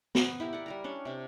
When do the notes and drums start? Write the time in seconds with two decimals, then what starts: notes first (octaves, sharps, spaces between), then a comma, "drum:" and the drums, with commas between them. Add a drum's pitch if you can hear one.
0.15 B3, drum: snare
0.40 E4 G4 A#4
0.53 A#4 D5 F#5
0.66 G3 A#4 A#5
0.84 C#4 D4 C#5
1.05 C3 D4